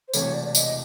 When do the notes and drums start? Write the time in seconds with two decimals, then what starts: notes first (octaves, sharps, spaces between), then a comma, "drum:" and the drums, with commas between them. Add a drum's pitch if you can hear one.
0.08 C5
0.14 E1 E2 C3 E3 A3 C#5, drum: tambourine
0.34 D5
0.45 D5
0.55 D#5, drum: tambourine